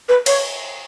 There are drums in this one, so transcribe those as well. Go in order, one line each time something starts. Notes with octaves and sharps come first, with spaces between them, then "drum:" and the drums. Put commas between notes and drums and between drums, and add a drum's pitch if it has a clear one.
B4
C#5, drum: cymbal